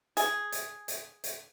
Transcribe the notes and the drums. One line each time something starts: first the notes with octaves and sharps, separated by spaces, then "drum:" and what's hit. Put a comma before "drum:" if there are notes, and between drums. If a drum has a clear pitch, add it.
G#4, drum: hi-hat
drum: hi-hat
drum: hi-hat
drum: hi-hat